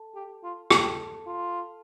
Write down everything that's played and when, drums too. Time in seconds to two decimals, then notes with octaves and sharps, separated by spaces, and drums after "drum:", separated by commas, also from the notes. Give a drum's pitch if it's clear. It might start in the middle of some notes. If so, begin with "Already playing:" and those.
Already playing: A4 A5
0.15 G4
0.43 F4
0.70 G4 A4 A5, drum: rim click
1.27 F4